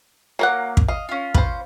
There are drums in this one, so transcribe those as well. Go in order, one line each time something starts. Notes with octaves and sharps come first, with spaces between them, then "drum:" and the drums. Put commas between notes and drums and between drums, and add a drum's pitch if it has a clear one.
F#3 A#3 A#4 F#5 F#6
drum: kick
D#5 F5
C#4 F4
B4 C5, drum: kick